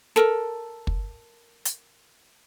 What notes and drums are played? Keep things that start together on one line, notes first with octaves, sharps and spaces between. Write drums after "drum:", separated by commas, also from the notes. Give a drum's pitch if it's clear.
A4 A#4, drum: snare
drum: kick
drum: hi-hat